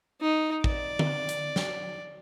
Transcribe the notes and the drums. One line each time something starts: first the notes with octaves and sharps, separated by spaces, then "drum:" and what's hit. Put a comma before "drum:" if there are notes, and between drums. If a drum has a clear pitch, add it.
D#4
D5, drum: kick
drum: tom D3
drum: hi-hat
drum: snare